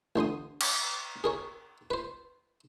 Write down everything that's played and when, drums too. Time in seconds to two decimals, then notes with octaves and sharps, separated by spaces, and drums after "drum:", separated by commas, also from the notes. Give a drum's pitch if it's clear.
0.16 A1 D3 C6 D#6
0.61 drum: cymbal
1.24 G#4 A#4 C#5
1.91 B4 C5